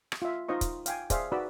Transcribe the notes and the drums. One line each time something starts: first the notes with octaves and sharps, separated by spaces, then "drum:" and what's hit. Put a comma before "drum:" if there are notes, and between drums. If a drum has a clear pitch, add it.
drum: rim click
F4 E5
D#4 F4 C5 D#5 C#6
drum: kick, hi-hat
F5 G5 G#5, drum: hi-hat
G#4 C5 D5 E5 F5, drum: kick, hi-hat
D#4 F#4 B4 D5 B5 E6